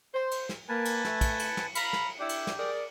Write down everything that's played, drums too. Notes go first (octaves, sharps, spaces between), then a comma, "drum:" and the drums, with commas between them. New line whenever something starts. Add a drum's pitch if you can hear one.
C5
drum: cymbal
drum: snare
A#3 B4 G#5 A5
drum: cymbal
A3, drum: snare
drum: kick, cymbal
drum: cymbal
drum: snare
F5 A#5 B5, drum: cymbal
drum: snare
D4 E4 G4 D5
drum: cymbal
drum: snare
G#4 A#4 D5